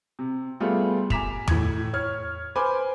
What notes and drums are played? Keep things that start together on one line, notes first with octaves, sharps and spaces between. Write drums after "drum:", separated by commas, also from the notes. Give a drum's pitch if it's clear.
C3
G3 A3 B3 F4 G#4
G#5 A#5 D6 B6 E7 F7, drum: kick
A2 G#6, drum: tom E2
C#5 F6 G#6
B4 C5 G#5 B5 D6